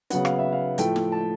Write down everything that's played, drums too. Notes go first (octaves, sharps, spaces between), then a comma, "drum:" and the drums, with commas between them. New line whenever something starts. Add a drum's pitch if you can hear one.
C#3 F#3 B3 F#5, drum: hi-hat
F5, drum: rim click
E5
F5
A2 F3 A3 G5, drum: hi-hat
drum: snare
A5